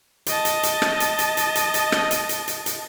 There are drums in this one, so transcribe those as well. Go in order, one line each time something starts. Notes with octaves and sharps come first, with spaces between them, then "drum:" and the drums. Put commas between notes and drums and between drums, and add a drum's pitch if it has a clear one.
D#5 A5, drum: hi-hat
drum: hi-hat
drum: hi-hat
drum: rim click
drum: hi-hat
drum: hi-hat
drum: hi-hat
drum: hi-hat
drum: hi-hat
drum: rim click
drum: hi-hat
drum: hi-hat
drum: hi-hat
drum: hi-hat